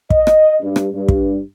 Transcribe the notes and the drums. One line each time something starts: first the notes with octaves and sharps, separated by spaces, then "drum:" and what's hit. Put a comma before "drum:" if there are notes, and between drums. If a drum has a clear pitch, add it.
D#5, drum: kick
drum: rim click
G2
drum: rim click
G2
drum: kick